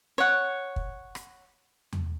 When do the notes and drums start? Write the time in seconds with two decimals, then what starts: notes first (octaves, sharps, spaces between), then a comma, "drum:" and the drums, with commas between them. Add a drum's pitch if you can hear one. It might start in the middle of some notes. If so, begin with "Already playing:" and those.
0.18 C#5 F#5
0.76 drum: kick
1.15 drum: rim click
1.93 drum: tom E2